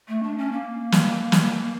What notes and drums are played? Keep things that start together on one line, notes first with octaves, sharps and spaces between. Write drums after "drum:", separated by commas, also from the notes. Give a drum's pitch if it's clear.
A3
D4
C#4
A#3
drum: snare
drum: snare
A#3